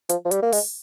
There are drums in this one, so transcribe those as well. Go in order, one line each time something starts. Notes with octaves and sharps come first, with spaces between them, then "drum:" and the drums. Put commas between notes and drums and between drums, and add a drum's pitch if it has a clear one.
F3, drum: hi-hat
F3
G3, drum: hi-hat
A#3
G#3, drum: open hi-hat